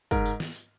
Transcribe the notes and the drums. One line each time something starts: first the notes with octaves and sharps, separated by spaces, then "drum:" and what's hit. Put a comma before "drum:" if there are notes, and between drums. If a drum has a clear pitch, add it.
G#2 A#4, drum: kick, tambourine
drum: tambourine
drum: snare
drum: tambourine